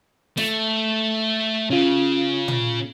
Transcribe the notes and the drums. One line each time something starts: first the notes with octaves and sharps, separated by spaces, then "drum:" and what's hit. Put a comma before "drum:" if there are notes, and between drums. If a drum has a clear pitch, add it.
A3, drum: snare
C#3 C#4 F4
drum: tom